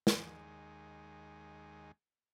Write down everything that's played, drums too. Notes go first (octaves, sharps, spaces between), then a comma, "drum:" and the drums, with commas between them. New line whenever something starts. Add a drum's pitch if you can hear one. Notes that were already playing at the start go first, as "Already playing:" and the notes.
D#2 G#3, drum: snare